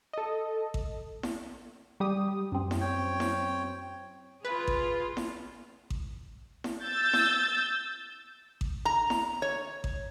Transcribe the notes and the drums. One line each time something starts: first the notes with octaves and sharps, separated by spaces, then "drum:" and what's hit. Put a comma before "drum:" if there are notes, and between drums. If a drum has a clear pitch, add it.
A4 D#5
drum: kick A1
drum: snare E4
G3 G4 D#6
F#2 C4
drum: snare E4
C#5 G5
drum: snare E4
F4 G#4 B4
drum: kick A1
drum: snare E4
drum: kick A1
drum: snare E4
E6 G6 A6
drum: snare E4
drum: kick A1
A#5
drum: snare E4
C#5
drum: kick A1